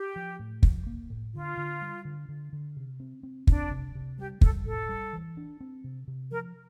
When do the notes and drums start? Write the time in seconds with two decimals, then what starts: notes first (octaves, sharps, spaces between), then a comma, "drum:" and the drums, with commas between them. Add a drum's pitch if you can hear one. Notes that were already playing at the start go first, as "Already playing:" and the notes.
Already playing: G4
0.16 F3
0.39 A2
0.63 F3, drum: kick
0.87 A#3
1.10 A2
1.34 D3 F4
1.57 D3
1.81 G3
2.05 D3
2.29 D3
2.53 D3
2.76 C3
3.00 C4
3.23 C4
3.47 C4 D4, drum: kick
3.71 C3
3.95 C3
4.18 G3 G4
4.41 G3 A4, drum: kick
4.65 A2 A4
4.89 G3
5.13 E3
5.37 D4
5.60 C4
5.84 C3
6.08 C3
6.31 F3 A#4